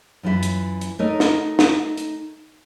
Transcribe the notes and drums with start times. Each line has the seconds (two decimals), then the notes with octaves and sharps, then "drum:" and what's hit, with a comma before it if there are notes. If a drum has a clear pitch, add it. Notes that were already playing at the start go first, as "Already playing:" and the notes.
0.23 F#2 E3 F4 F#4 E5
0.43 drum: hi-hat
0.81 drum: hi-hat
0.99 A3 D#4 A4 A#4 C#5 D#5
1.20 drum: snare
1.59 drum: snare
1.97 drum: hi-hat